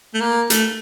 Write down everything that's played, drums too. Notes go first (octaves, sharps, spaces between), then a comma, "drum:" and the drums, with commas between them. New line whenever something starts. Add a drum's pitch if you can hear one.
A3
A#3
A3, drum: hi-hat